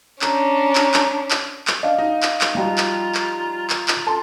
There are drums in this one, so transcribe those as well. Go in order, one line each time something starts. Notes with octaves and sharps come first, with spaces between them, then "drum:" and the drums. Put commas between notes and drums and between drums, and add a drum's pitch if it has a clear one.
C#4 D4 A#5, drum: clap
drum: clap
drum: clap
drum: clap
drum: clap
D4 D#5 F5
D#4
drum: clap
drum: clap
F3 G3 F4 F#4 A#5
drum: clap
drum: clap
drum: clap
drum: clap
A4 C6